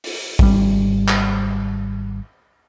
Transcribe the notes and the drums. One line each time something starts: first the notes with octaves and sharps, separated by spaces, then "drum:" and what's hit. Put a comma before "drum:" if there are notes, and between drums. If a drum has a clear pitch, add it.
drum: open hi-hat
G#1 G3, drum: kick
drum: clap